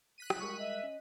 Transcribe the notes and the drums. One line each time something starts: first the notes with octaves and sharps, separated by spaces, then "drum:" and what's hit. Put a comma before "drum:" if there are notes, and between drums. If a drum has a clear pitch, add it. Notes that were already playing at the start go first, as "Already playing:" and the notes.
F#6 B6 D#7
drum: rim click
G3 G#3 A#4 C#6
D#5 E5
C#4